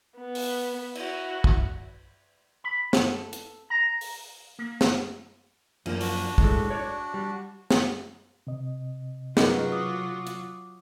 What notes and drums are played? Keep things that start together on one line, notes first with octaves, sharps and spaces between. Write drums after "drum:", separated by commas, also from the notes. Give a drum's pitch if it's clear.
B3
drum: open hi-hat
E4 F#4, drum: cymbal
drum: kick
B5
A4, drum: snare
drum: hi-hat
A#5
drum: open hi-hat
A#3
drum: snare
F#2 F3 A#3, drum: cymbal
D4 F#4, drum: open hi-hat
A2 G#3 A3, drum: kick
C#5 D5
G3
drum: snare
C3 D#5
F#3 C#4 D#4 F4 F#4 G#4 A#4 B4, drum: snare
D6 D#6
drum: hi-hat